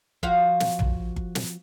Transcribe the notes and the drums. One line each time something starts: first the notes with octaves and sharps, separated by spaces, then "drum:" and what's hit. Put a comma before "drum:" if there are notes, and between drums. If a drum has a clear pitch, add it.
F3 F#4 F5, drum: kick G1
drum: snare
drum: tom
drum: kick G1
drum: snare